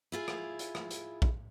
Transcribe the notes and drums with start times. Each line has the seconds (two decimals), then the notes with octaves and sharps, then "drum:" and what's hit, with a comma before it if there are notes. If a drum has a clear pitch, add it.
0.12 E4 F4 G#4
0.28 drum: rim click
0.59 drum: hi-hat
0.75 drum: rim click
0.91 drum: hi-hat
1.22 drum: kick A#1